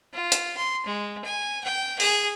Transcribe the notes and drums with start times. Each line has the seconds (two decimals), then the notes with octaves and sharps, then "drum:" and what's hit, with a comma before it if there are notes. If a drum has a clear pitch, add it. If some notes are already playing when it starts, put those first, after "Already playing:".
0.14 F4
0.32 drum: hi-hat
0.57 C6
0.86 G#3
1.25 G#5
1.64 G5
2.00 G#4, drum: open hi-hat